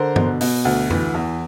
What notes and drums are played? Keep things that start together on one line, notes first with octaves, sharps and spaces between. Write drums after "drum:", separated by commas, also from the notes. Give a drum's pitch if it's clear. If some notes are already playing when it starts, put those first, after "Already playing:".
Already playing: D3 A#4 C5
B2, drum: tom G2
B2, drum: open hi-hat
D2
E3, drum: tom F2
E2